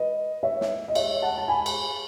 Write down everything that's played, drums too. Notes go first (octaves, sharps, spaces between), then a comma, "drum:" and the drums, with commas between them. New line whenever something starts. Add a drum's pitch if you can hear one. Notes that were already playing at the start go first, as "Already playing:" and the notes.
Already playing: B4 D#5
C#5 E5
drum: snare
D#5
C#5 E5, drum: cymbal
F#5 A5
A5
G#5 B5
drum: cymbal